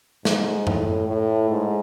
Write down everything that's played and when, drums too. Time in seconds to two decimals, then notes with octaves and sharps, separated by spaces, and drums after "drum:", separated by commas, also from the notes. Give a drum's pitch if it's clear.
0.25 G#2, drum: snare
0.67 A2, drum: tom F#2
1.08 A2
1.50 G#2